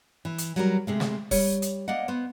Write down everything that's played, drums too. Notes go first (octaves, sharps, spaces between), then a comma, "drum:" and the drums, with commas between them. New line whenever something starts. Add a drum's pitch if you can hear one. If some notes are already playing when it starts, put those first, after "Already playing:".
E3
drum: hi-hat
F#3 G3 A#4
C3 G#3 A3
drum: snare
G3 C#5, drum: kick F1, open hi-hat
drum: hi-hat
A#3 D5 D#5 F#5
B3 C5